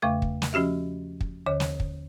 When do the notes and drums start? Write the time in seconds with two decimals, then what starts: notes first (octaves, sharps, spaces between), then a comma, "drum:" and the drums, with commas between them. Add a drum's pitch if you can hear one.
0.02 E2 C#3 A3 F5 D6
0.22 drum: kick
0.42 drum: snare
0.53 F3 C#4 F#4 G4 E5
1.21 drum: kick
1.46 D#2 D3 C#5
1.60 drum: snare
1.80 drum: kick